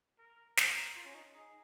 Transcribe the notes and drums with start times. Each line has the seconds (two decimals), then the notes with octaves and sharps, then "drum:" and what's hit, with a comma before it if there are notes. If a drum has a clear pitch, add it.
0.18 A#4
0.57 A#4, drum: snare
0.95 F4
1.05 C#4
1.14 D#4
1.34 D#4 G#4